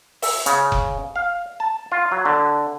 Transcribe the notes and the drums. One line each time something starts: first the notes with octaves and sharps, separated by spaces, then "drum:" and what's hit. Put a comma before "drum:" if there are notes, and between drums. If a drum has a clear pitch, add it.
E5, drum: open hi-hat
C#3, drum: hi-hat
drum: kick F1
F5
A5
F4
F#3
D3